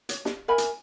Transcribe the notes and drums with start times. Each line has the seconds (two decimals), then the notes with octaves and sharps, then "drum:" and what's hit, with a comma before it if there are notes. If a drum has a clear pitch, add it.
0.09 C#5, drum: hi-hat
0.25 drum: snare
0.48 A#4 E5 G#5 B5
0.58 drum: hi-hat